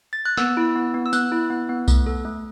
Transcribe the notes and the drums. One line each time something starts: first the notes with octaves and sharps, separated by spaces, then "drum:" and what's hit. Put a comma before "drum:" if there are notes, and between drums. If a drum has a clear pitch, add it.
A6
F#6
B3 E6, drum: snare
E4
B3
B3
E6
B3 F#6, drum: tambourine
E4
B3
B3
A3, drum: kick B1, tambourine
A4
A3